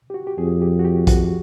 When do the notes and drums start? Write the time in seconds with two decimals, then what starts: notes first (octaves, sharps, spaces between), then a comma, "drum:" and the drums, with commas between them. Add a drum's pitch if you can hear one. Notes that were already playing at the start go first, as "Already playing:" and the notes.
0.10 G4
0.14 F#4
0.27 G4
0.38 F2 G#4
0.62 G4
0.79 F#4
0.85 G4
1.07 F#4, drum: kick B1, hi-hat